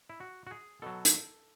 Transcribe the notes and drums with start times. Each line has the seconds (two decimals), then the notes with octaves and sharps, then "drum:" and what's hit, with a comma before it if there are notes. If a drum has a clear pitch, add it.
0.10 E4
0.20 F#4
0.47 F#4
0.51 G#4
0.82 B2 F#3 A4
1.05 drum: hi-hat